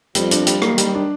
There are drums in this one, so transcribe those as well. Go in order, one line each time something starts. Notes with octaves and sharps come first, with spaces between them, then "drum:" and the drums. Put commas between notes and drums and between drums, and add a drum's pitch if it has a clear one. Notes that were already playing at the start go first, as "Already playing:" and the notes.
F2 F3 G3, drum: hi-hat
D4, drum: hi-hat
G3, drum: hi-hat
D#2 D#3 A#3, drum: rim click
G3, drum: hi-hat
D4